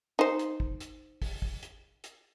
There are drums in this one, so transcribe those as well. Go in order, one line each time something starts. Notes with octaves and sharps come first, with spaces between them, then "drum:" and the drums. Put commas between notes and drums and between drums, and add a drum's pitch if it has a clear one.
D#4 C5
drum: hi-hat
drum: kick
drum: hi-hat
drum: kick, open hi-hat
drum: kick
drum: hi-hat
drum: hi-hat